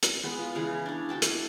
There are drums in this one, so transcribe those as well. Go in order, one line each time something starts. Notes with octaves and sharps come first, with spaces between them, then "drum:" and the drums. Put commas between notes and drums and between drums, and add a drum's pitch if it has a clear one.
drum: hi-hat
G#3 B3
F4
C#3 E3 G#3 G#5
C#4 D4
D4 F#4 G5 A5
E4, drum: hi-hat